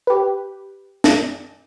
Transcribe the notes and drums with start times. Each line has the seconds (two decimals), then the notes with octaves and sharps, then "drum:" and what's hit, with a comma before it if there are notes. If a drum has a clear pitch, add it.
0.07 G4 B4
1.04 drum: snare